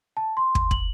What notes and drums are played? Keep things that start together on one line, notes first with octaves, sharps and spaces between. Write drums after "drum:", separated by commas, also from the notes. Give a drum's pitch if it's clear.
A5
C6
drum: kick
F#7, drum: kick